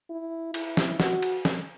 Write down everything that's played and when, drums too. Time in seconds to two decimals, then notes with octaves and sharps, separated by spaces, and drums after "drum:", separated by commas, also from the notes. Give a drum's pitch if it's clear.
0.10 E4
0.54 E4, drum: cymbal
0.77 drum: snare
1.00 F#4, drum: snare
1.22 drum: cymbal
1.45 drum: snare